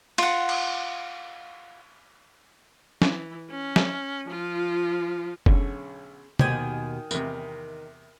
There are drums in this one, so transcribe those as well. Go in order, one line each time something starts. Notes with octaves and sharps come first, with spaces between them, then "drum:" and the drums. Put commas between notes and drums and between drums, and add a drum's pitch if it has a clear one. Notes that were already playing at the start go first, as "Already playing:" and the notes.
F4 F#5, drum: cymbal
drum: cymbal
E3, drum: snare
C#4
drum: snare
F3 F4
B1 D3 C#4 G#4 C#5, drum: kick F1
D#2 B2 D#3 G4 C5 G5 G#5, drum: tom
E2 C3 A#4, drum: tambourine